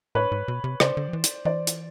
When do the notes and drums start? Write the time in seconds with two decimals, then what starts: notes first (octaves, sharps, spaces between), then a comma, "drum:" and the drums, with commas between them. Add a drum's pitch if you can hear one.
0.15 A2 B4 C#5
0.32 G#2
0.48 B2
0.64 C3
0.80 C#3 C5 D5, drum: rim click
0.97 D3
1.08 F3
1.13 E3
1.24 drum: hi-hat
1.45 E3 C5 D5
1.67 drum: hi-hat